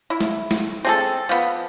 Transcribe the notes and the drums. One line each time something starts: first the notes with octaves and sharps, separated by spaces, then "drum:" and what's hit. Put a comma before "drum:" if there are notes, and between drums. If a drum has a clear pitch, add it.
E4
drum: snare
drum: snare
C4 G#4 A4
F3 B3